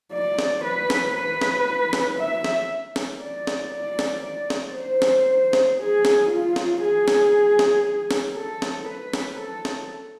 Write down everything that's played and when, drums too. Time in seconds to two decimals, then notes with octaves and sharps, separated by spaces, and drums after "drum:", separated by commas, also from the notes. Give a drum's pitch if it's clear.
0.13 D5
0.39 drum: snare
0.64 B4
0.90 drum: snare
1.16 B4
1.41 drum: snare
1.93 drum: snare
2.19 E5
2.44 drum: snare
2.96 drum: snare
3.21 D5
3.47 drum: snare
3.73 D5
3.99 drum: snare
4.24 D5
4.50 drum: snare
4.76 C5
5.02 drum: snare
5.53 drum: snare
5.79 G#4
6.05 drum: snare
6.30 F4
6.56 drum: snare
6.82 G#4
7.08 drum: snare
7.59 drum: snare
8.11 drum: snare
8.36 A4
8.62 drum: snare
8.88 B4
9.14 drum: snare
9.39 A4
9.65 drum: snare